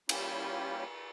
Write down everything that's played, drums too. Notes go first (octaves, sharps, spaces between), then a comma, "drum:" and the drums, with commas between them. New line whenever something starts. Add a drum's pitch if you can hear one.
G3 A#3 C#4 E4 F4 G4, drum: cymbal